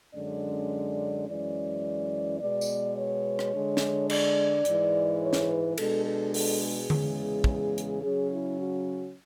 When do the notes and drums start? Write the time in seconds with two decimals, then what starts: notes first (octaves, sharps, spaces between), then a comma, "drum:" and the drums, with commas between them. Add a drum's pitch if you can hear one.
0.15 F#2 D3 G#3 C#4 D5
1.28 F#2 E3 G#3 C#4 D5
2.40 B2 G#3 B3 D5
2.61 drum: tambourine
2.97 C#5
3.39 drum: rim click
3.53 D3 G#3 D4
3.77 drum: snare
4.10 D5, drum: cymbal
4.65 G#2 E3 G#3, drum: hi-hat
5.21 C#5
5.33 drum: snare
5.50 B4
5.78 B2 G#3 D4 A4, drum: cymbal
6.06 A4
6.34 A4, drum: open hi-hat
6.62 G#4
6.90 E2 C#3 G#3, drum: tom D3
7.44 drum: kick
7.78 drum: hi-hat
8.02 C#3 F#3 C#4 G#4
8.31 E4
8.60 F#4